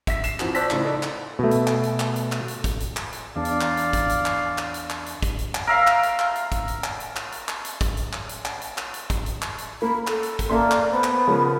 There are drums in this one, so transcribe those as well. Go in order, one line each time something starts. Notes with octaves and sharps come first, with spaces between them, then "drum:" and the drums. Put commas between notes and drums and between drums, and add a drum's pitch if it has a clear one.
E5 B6, drum: kick, hi-hat
C7 E7, drum: hi-hat
E3 F3 C4 F#4, drum: clap
C5 D5 A5 E6 F#6 B6, drum: hi-hat
A2 C#3 F3 E4, drum: clap
D#4 A4 D5
drum: clap
B2 A3
drum: hi-hat
drum: clap
drum: hi-hat
drum: clap
drum: hi-hat
drum: clap
drum: hi-hat
drum: kick, hi-hat
drum: hi-hat
drum: clap
drum: hi-hat
E2 D4 D5 F5
drum: hi-hat
drum: clap
drum: hi-hat
drum: kick, hi-hat
drum: hi-hat
drum: clap
drum: clap
drum: hi-hat
drum: clap
drum: hi-hat
drum: kick, hi-hat
drum: hi-hat
drum: clap
A#4 E5 F5
drum: clap
drum: hi-hat
drum: clap
drum: hi-hat
drum: kick, hi-hat
drum: hi-hat
drum: clap
drum: hi-hat
drum: clap
drum: hi-hat
drum: clap
drum: hi-hat
drum: kick, hi-hat
drum: hi-hat
drum: clap
drum: hi-hat
drum: clap
drum: hi-hat
drum: clap
drum: hi-hat
drum: kick, hi-hat
drum: hi-hat
drum: clap
drum: hi-hat
A#3 B5
A4, drum: clap
drum: hi-hat
drum: kick, hi-hat
A#3 A4 D5 E5 C6
drum: clap
B3 C5
drum: clap
C#3 F3 G#3 A#4